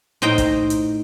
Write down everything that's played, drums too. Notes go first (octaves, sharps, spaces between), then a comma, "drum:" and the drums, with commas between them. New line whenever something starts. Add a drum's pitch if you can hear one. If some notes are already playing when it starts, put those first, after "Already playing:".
A2 D#4 C5 G5 A#5
drum: kick, hi-hat
drum: hi-hat